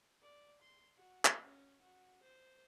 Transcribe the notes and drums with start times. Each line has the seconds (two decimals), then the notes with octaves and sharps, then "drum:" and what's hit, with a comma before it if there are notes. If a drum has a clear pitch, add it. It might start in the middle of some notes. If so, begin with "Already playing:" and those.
0.22 D5
0.62 C6
0.97 F#4
1.25 drum: clap
1.44 C#4
1.82 F#4
2.22 C5